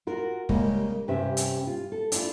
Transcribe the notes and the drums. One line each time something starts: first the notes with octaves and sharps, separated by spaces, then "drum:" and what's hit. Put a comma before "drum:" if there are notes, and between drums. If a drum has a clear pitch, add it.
F4 F#4 A#4
C#3 G3 G#3 A#3 A#4, drum: kick
G2 C3 C#4 G4 E5
drum: hi-hat
F4
A4
D4 E4 F4, drum: hi-hat